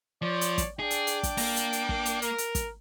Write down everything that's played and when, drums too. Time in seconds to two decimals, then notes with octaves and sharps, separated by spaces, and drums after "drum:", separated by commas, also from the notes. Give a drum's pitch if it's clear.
0.22 F3 C#5 D5
0.41 drum: hi-hat
0.58 drum: kick, hi-hat
0.79 D4 G#4 D5 G5
0.91 drum: hi-hat
1.07 drum: hi-hat
1.23 drum: kick, hi-hat
1.37 A#3, drum: open hi-hat
1.56 drum: hi-hat
1.73 drum: hi-hat
1.89 drum: kick
2.05 drum: hi-hat
2.22 A#4, drum: hi-hat
2.38 drum: hi-hat
2.55 drum: kick, hi-hat